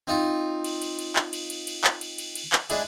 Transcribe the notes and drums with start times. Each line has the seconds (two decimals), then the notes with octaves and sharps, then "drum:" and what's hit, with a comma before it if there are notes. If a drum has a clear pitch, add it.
0.07 C4 D#4 F4
0.64 drum: cymbal
0.82 drum: cymbal
0.99 drum: cymbal
1.16 drum: clap
1.33 drum: cymbal
1.50 drum: cymbal
1.67 drum: cymbal
1.84 drum: clap
2.01 drum: cymbal
2.18 drum: cymbal
2.35 drum: cymbal
2.53 drum: clap
2.70 G#3 D4 E4 G#4, drum: cymbal